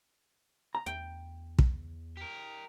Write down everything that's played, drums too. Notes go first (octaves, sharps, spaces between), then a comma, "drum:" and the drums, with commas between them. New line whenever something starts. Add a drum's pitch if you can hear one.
A#5
E2 G5
drum: kick
G4 A#4